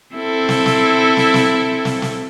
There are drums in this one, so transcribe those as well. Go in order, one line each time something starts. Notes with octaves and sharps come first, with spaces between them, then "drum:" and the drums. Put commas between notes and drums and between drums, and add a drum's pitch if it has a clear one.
C4 E4 A4
drum: snare
drum: snare
drum: snare
drum: snare
drum: snare
drum: snare